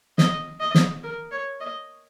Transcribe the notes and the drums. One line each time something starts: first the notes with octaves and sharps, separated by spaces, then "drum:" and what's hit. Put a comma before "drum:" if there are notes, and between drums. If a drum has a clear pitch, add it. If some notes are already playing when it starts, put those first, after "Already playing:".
D#5, drum: snare
D#5
drum: snare
A#4
C#5
D#5